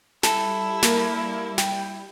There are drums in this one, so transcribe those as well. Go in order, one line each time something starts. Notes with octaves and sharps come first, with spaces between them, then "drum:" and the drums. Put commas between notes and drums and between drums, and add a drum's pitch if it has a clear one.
G3 E4 A4, drum: snare
A#3 A#4, drum: snare
G5, drum: snare